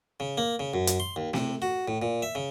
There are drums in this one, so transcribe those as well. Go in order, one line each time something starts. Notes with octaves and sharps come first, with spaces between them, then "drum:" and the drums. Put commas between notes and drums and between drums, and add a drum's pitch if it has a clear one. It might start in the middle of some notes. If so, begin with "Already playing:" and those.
C#3
A#3
C#3
F#2
drum: hi-hat
C6
D#2
C3, drum: snare
F#4
A2
A#2
E5
C#3